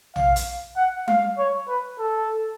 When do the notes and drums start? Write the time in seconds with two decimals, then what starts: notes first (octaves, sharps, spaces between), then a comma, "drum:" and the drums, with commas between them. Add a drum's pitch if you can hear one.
0.16 F5, drum: tom
0.36 drum: hi-hat
0.76 F#5
1.08 F5, drum: tom G3
1.38 C#5
1.68 B4
1.99 A4